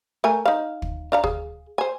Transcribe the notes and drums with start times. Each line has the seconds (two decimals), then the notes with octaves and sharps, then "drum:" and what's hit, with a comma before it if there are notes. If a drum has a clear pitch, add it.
0.24 A3 A#4 G#5
0.46 D#4 F5
0.82 drum: kick
1.12 D4 F5 A#5
1.24 G#4, drum: kick
1.78 C5 G#5